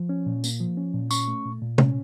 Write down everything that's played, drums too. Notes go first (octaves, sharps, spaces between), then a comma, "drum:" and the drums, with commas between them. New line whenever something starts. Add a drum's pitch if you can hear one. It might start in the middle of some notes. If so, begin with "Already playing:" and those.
Already playing: F3
C#4
A#2
A#3, drum: tambourine
F3
C#4
A#2
C#4 C#6, drum: tambourine
A3
A#2
A#2
C#4, drum: tom C3